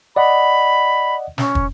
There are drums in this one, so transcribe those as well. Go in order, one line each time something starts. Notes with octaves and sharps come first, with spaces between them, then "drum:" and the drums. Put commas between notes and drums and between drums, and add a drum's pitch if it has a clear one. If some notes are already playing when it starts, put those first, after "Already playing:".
D5 D#5 F#5 B5
C#4, drum: snare
drum: kick